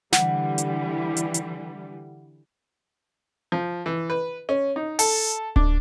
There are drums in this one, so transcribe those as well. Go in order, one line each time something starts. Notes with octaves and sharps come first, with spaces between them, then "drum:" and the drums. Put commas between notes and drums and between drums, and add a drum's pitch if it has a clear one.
D3 E3 G3 F#5, drum: snare
drum: hi-hat
drum: hi-hat
drum: hi-hat
F3
E3
B4
C#4
D#4
A4, drum: open hi-hat
D4, drum: kick D1